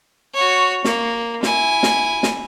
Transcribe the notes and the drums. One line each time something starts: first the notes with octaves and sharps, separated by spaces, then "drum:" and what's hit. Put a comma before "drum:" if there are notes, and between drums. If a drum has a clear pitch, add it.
F#4 C#5
A#3, drum: snare
E4 G#5, drum: snare
drum: snare
drum: snare